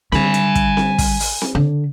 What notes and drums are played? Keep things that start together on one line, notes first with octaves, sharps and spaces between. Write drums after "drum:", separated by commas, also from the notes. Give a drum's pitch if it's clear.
D3 G3 G#5 B5, drum: snare C4
drum: hi-hat
drum: kick, hi-hat
drum: snare C4
drum: kick, open hi-hat
drum: open hi-hat
drum: snare C4
D3